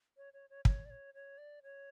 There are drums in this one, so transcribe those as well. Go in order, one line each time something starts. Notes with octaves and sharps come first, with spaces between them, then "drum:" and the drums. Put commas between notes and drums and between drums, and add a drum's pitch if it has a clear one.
C#5
C#5
C#5
C#5, drum: kick
D5
C#5
C#5
D5
C#5